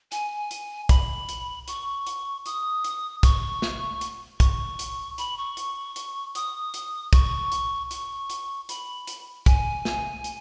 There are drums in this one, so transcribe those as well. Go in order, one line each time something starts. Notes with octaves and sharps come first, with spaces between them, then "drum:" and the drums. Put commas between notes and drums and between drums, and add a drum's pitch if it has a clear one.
G#5, drum: hi-hat
drum: hi-hat
B5, drum: kick, hi-hat
drum: hi-hat
C#6, drum: hi-hat
drum: hi-hat
D#6, drum: hi-hat
drum: hi-hat
C#6, drum: kick, hi-hat
drum: snare
drum: hi-hat
C#6, drum: kick, hi-hat
drum: hi-hat
B5, drum: hi-hat
C#6
drum: hi-hat
drum: hi-hat
D#6, drum: hi-hat
drum: hi-hat
C#6, drum: kick, hi-hat
drum: hi-hat
C#6, drum: hi-hat
drum: hi-hat
B5, drum: hi-hat
drum: hi-hat
G#5, drum: kick, hi-hat
drum: snare
drum: hi-hat